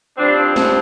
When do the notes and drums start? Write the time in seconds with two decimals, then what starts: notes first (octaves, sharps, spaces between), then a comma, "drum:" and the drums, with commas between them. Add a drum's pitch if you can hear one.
0.17 G2 F3 C4 D4
0.56 drum: snare